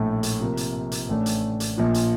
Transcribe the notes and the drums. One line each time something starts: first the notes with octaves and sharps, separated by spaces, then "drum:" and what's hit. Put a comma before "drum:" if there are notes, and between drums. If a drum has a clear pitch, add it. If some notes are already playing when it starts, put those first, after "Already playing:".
Already playing: A#1 A2 A3
drum: hi-hat
C3 F3 A#3
drum: hi-hat
drum: hi-hat
A1 A2 A3 D4
drum: hi-hat
drum: hi-hat
A#1 A#2 F3
drum: hi-hat